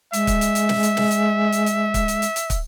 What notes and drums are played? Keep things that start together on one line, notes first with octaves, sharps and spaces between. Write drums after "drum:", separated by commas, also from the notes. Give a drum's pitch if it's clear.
G#3 E5, drum: hi-hat
drum: kick, hi-hat
drum: hi-hat
drum: hi-hat
drum: snare
drum: hi-hat
drum: snare
drum: hi-hat
drum: hi-hat
drum: hi-hat
drum: kick, hi-hat
drum: hi-hat
drum: hi-hat
drum: hi-hat
drum: kick, hi-hat